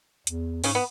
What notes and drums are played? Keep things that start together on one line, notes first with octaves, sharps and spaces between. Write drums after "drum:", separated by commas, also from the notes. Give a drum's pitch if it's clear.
E2, drum: hi-hat
G#2 C#3 C#4, drum: open hi-hat
B3